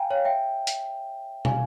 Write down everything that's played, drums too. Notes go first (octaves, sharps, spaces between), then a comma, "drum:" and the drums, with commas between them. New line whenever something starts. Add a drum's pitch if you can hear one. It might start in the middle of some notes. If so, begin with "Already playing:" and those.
Already playing: F5 G5 G#5 A#5
C#5 F5
E5 G5
drum: hi-hat
F5 G#5, drum: tom